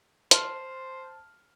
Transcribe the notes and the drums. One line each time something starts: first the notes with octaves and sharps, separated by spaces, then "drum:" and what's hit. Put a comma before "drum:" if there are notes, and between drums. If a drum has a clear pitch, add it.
C5 A5 C6 F6, drum: hi-hat